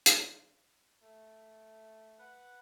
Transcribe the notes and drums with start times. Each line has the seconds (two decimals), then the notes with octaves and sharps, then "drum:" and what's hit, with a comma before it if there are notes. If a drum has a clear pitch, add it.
0.06 drum: hi-hat
1.02 A3
2.19 B4 F#5